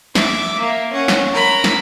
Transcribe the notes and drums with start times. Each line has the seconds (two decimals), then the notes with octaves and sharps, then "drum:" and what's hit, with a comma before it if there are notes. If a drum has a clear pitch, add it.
0.15 E5 D6, drum: snare
0.59 A#3
0.93 C#4 F#5
1.08 drum: snare
1.33 A#4 B5
1.64 drum: snare